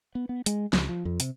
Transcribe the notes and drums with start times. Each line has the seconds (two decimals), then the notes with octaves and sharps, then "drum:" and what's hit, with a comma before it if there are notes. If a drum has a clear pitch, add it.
0.15 B3
0.29 B3
0.46 G#3, drum: hi-hat
0.73 C#2, drum: snare
0.89 F3
1.05 F2
1.20 C3, drum: hi-hat